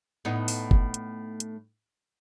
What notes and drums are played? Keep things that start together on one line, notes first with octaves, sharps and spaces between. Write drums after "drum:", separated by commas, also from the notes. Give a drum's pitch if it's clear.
A2 B3 D#4
drum: open hi-hat
drum: kick
drum: hi-hat
drum: hi-hat